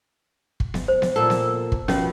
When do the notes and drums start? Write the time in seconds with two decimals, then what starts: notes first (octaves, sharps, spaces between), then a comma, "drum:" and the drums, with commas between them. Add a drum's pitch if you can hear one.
0.60 drum: kick
0.74 drum: snare B3
0.88 C5
1.02 drum: snare B3
1.16 A#2 A4
1.30 drum: snare B3
1.72 drum: kick
1.88 B2 F3 C#4 B4, drum: snare B3